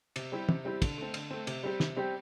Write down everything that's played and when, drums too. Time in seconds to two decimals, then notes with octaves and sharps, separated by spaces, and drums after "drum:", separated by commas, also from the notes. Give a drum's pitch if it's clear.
0.16 C3, drum: cymbal
0.32 G3 C4 E4 G4
0.49 C3, drum: tom
0.65 G3 C4 E4 G4
0.82 D3, drum: kick, cymbal
0.98 A3 C4
1.14 D3, drum: cymbal
1.31 A3 C4
1.47 C3, drum: cymbal
1.63 G3 C4 G4
1.80 C3, drum: snare
1.97 G3 C4 G4